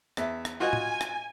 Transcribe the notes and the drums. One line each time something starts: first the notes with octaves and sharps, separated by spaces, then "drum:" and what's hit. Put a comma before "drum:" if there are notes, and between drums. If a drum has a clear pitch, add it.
E2 E5, drum: rim click
drum: rim click
F4 F#4 D#5 G#5
drum: tom A2
drum: rim click